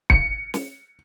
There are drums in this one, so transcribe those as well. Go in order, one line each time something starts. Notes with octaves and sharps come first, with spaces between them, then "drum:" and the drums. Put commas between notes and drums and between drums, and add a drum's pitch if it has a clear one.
C#7, drum: kick
drum: snare